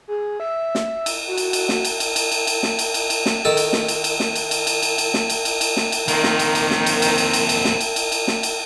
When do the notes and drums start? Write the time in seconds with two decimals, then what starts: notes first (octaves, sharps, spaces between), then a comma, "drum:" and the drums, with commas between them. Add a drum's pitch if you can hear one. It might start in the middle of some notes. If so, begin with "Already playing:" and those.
0.08 G#4
0.40 E5
0.75 drum: snare
1.06 drum: cymbal
1.28 F#4
1.38 drum: cymbal
1.53 drum: cymbal
1.69 drum: snare
1.85 drum: cymbal
2.00 drum: cymbal
2.16 drum: cymbal
2.32 drum: cymbal
2.47 drum: cymbal
2.63 drum: snare
2.79 drum: cymbal
2.94 drum: cymbal
3.10 drum: cymbal
3.26 drum: snare
3.45 D#3 A4
3.57 drum: cymbal
3.73 drum: snare
3.88 drum: cymbal
4.04 drum: cymbal
4.20 drum: snare
4.35 drum: cymbal
4.51 drum: cymbal
4.67 drum: cymbal
4.83 drum: cymbal
4.98 drum: cymbal
5.14 drum: snare
5.30 drum: cymbal
5.45 drum: cymbal
5.61 drum: cymbal
5.77 drum: snare
5.92 drum: cymbal
6.08 D#3 A#3 C4, drum: cymbal
6.24 drum: snare
6.39 drum: cymbal
6.55 drum: cymbal
6.71 drum: snare
6.86 drum: cymbal
7.02 drum: cymbal
7.18 drum: cymbal
7.33 drum: cymbal
7.49 drum: cymbal
7.65 drum: snare
7.80 drum: cymbal
7.96 drum: cymbal
8.12 drum: cymbal
8.28 drum: snare
8.43 drum: cymbal